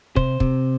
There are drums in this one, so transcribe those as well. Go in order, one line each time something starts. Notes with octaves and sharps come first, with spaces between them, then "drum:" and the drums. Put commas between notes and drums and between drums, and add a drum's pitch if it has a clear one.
C3 C5, drum: kick
C3, drum: kick